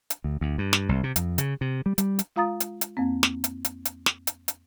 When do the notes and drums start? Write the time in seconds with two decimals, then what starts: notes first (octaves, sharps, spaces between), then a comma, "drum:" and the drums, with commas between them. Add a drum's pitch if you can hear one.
0.10 drum: hi-hat
0.24 D2
0.41 D2
0.58 G2
0.73 drum: snare
0.89 C2
1.04 C3
1.16 F2, drum: hi-hat
1.38 C#3, drum: hi-hat
1.61 C3
1.86 G3
1.98 G3, drum: hi-hat
2.19 drum: hi-hat
2.36 G#3 F4 F5 A#5 D#6 A6
2.60 drum: hi-hat
2.81 drum: hi-hat
2.97 F2 A#3 C4
3.23 drum: snare
3.44 drum: hi-hat
3.65 drum: hi-hat
3.85 drum: hi-hat
4.06 drum: snare
4.27 drum: hi-hat
4.48 drum: hi-hat